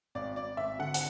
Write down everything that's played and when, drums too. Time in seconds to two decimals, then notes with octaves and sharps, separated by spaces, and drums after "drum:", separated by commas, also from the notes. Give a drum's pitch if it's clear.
0.15 G#1 D5
0.36 G#1 D5
0.57 G#1 E5
0.79 D3 F#5
0.94 F#5, drum: hi-hat